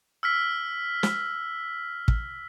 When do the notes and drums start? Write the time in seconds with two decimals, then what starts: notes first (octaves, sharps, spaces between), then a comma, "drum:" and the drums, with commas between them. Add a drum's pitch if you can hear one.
0.23 E6 F6 B6
1.03 drum: snare
2.08 drum: kick